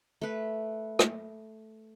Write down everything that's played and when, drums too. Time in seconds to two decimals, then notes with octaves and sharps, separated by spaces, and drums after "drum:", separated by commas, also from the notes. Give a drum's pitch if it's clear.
0.21 A3 B4
0.99 drum: rim click